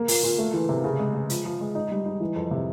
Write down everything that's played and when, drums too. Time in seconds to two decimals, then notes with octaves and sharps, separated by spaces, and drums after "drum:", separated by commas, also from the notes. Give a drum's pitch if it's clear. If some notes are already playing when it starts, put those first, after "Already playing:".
Already playing: A#3
0.08 A#2, drum: open hi-hat
0.23 A#2
0.38 A3
0.54 E3
0.69 C3
0.84 C#3
0.99 G#3
1.14 G#3
1.30 F3, drum: hi-hat
1.45 F3
1.61 G#3
1.75 D#4
1.91 G3
2.06 D#4
2.20 E3
2.36 F2
2.51 C3